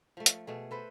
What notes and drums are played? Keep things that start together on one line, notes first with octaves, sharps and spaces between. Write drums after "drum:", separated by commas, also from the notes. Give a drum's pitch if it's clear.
F3 A3
drum: hi-hat
B2 A3 G#4
A4 B4 C5